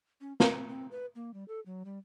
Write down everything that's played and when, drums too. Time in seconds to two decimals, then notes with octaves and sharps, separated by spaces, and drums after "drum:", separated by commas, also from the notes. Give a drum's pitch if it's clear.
0.21 C#4
0.40 C4, drum: snare
0.68 C4
0.91 B4
1.15 A#3
1.34 G3
1.48 A4
1.66 F#3
1.85 G3